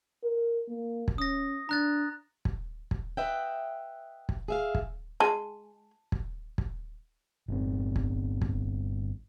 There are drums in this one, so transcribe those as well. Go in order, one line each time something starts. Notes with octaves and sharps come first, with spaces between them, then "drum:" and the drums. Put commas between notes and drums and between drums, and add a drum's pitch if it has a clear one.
A#4
A#3
drum: kick
C#4 D#6 A#6
D4 A#5 F#6 A6
drum: kick
drum: kick
B4 D#5 E5 F#5 G5
drum: kick
G#4 E5 F5
drum: kick
G#3 A5
drum: kick
drum: kick
G1 A#2 C4
drum: kick
drum: kick